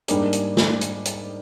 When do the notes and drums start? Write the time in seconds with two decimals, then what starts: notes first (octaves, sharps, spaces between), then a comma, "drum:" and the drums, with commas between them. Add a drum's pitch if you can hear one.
0.08 G#2 G3 A#3 D4 G#4, drum: hi-hat
0.33 drum: hi-hat
0.57 drum: snare
0.81 drum: hi-hat
1.05 drum: hi-hat